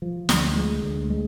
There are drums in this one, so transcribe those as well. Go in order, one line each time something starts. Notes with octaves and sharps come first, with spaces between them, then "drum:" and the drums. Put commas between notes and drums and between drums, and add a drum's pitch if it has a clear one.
F3
D2, drum: snare
G#3
D2
G#3